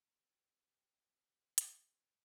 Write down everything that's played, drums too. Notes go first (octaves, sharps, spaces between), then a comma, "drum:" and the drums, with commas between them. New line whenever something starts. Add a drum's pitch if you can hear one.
C4 G4
drum: hi-hat